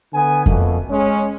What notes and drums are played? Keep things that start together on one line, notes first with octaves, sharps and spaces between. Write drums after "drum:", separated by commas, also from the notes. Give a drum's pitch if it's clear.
D3 B3 G#5
F2 B2 A3 A#3, drum: kick F2
G#3 C#4